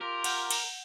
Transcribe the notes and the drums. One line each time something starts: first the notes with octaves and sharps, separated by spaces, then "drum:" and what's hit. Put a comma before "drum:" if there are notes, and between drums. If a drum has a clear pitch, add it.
F4 G4 A#4
F#5 G6, drum: cymbal
drum: cymbal